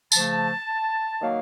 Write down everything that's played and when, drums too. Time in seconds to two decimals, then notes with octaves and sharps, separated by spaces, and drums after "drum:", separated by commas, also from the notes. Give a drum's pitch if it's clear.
0.12 C#3 F3 A3 A5, drum: tambourine
1.21 D#3 F#3 A#3 F5